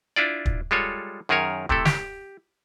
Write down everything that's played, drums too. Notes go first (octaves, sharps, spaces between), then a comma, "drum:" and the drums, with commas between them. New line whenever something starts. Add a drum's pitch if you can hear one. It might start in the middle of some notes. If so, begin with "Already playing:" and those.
D4 E4 F4 D5
drum: kick
G3 G#3 F4 A4 C#5
F#2 D#3 G#4 A#4 C#5
C3 A3 E4 A4, drum: kick
G4, drum: snare